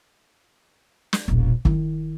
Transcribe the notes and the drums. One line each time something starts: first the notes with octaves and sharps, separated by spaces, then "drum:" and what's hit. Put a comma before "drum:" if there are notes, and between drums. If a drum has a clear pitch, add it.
drum: snare
E1 A#1
D#3 E4, drum: kick